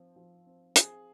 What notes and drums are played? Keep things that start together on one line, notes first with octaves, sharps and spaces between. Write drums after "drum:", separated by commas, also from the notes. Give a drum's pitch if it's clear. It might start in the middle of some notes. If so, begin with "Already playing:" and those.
Already playing: F3 C4
F3
C4
C4 G#4, drum: hi-hat